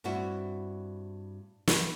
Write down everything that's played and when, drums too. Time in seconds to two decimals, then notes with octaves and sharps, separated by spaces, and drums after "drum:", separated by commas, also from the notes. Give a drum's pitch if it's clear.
0.04 G2 C4 E4 F#4
1.67 drum: snare